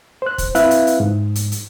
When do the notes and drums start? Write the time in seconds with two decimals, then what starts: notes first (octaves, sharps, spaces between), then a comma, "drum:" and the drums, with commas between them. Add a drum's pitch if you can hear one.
0.22 C5 F#6
0.38 drum: kick, hi-hat
0.55 C4 E4 B4 E5 F5 F#6, drum: hi-hat
0.71 drum: hi-hat
0.87 drum: hi-hat
1.00 G#2
1.35 drum: hi-hat
1.52 drum: hi-hat